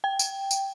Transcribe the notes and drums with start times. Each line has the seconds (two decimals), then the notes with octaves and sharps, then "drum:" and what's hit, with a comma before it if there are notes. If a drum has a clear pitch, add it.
0.04 G5
0.19 drum: tambourine
0.51 drum: tambourine